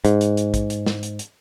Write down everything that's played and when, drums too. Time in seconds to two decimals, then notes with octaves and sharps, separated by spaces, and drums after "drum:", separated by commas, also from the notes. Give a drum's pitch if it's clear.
0.05 G#2, drum: hi-hat
0.21 drum: hi-hat
0.37 drum: hi-hat
0.54 drum: kick, hi-hat
0.70 drum: hi-hat
0.86 drum: snare
1.03 drum: hi-hat
1.19 drum: hi-hat